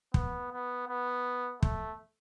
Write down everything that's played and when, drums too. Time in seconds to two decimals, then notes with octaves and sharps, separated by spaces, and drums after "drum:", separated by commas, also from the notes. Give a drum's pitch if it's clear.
0.14 B3, drum: kick
0.52 B3
0.88 B3
1.63 A3, drum: kick